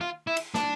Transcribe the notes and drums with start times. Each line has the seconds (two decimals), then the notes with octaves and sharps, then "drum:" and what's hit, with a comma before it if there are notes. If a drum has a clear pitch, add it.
0.01 F4
0.27 E4
0.37 drum: cymbal
0.54 D4, drum: snare